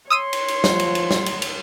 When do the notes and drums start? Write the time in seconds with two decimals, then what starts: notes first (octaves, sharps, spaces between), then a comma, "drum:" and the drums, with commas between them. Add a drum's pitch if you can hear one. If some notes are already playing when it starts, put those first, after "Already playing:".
0.10 C#5 C6 D#6 E6 D#7
0.33 drum: cymbal
0.48 drum: cymbal
0.64 F3, drum: snare
0.79 drum: cymbal
0.95 drum: cymbal
1.11 drum: snare
1.26 drum: cymbal
1.42 drum: cymbal